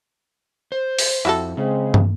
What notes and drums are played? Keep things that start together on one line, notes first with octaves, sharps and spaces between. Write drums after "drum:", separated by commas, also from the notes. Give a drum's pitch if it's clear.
C5
drum: open hi-hat
F2 E4 F#4 A4
C#3 G#3 C4
drum: tom